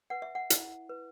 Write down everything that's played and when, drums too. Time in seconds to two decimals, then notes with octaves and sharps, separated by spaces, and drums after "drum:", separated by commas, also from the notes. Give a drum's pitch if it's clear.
0.10 B4 F#5
0.22 E5
0.35 F#5
0.50 E4, drum: hi-hat
0.89 B4